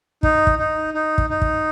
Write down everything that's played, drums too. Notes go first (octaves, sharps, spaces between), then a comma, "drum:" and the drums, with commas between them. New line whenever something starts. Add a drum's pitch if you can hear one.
D#4, drum: kick
drum: kick
D#4
D#4
drum: kick
D#4
drum: kick